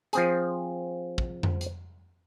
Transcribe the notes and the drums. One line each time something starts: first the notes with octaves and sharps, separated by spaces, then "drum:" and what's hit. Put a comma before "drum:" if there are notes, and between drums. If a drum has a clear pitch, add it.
F3 C4 G#4, drum: hi-hat
drum: kick
drum: tom F2
drum: hi-hat